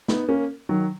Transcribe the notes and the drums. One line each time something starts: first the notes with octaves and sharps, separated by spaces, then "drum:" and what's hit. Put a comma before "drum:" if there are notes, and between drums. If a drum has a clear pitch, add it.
B3 D#4, drum: snare
A#3 C#4
D#3 F#3